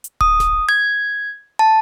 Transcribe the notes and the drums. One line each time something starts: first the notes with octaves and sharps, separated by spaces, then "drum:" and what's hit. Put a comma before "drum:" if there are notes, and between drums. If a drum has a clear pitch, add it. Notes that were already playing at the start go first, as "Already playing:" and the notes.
drum: hi-hat
D#6, drum: kick D1
drum: snare G#1
G#6
A5